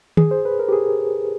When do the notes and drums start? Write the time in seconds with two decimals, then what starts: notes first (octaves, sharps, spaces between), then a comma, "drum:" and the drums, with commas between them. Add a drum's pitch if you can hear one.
0.17 G#4, drum: tom
0.31 C5
0.45 B4
0.59 A#4
0.68 G4
0.72 G#4